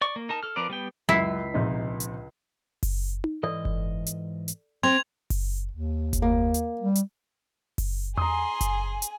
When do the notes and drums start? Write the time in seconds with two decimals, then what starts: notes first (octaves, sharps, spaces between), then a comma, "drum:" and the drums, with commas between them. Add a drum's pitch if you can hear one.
0.01 D5 C#6
0.16 A#3
0.29 D#4 A#4 A5
0.43 A4 F6
0.56 F3 C4 A#4 B4 D5
0.70 G3 B3 G5
1.09 C#2 F#2 E4 B6 C7
1.54 A#1 C3 D#4
2.00 drum: hi-hat
2.83 drum: kick F#1, open hi-hat
3.24 drum: tom D#4
3.43 G#2 E3 A4 D5 D#5
3.65 drum: kick F#1
4.06 drum: hi-hat
4.48 drum: hi-hat
4.83 C4 C6 G#6 F7
5.30 drum: kick F#1, open hi-hat
5.72 D#2
6.13 drum: kick F#1, hi-hat
6.22 A#3
6.54 drum: hi-hat
6.81 G3
6.95 drum: hi-hat
7.78 drum: kick F#1, open hi-hat
8.17 G#4 G#5 A#5 C6 D#6, drum: tom E2
8.61 drum: kick F#1, hi-hat
9.02 drum: hi-hat